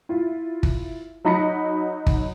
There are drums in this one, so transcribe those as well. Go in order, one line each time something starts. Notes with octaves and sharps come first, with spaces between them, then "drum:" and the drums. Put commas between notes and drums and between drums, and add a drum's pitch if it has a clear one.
E4 F4
drum: kick
F#3 D#4 B5 A#6 C#7
drum: kick